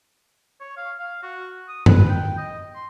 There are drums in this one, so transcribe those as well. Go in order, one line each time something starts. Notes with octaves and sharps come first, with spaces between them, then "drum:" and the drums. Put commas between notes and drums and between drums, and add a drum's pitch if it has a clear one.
C#5
F5
F5
F#4
D#6
B4, drum: tom F#2
G5
D#5
C6